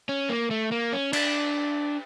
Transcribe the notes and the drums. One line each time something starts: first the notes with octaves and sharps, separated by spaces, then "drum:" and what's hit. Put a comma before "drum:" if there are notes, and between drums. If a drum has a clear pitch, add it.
C#4
A#3
A3
A#3
C#4
D4, drum: cymbal